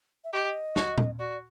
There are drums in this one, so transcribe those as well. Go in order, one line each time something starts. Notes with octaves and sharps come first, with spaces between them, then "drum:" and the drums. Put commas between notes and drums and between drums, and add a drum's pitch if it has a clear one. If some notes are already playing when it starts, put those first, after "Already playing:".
E5
G4 D#5
F#4, drum: snare
drum: tom A#2
F#4 D5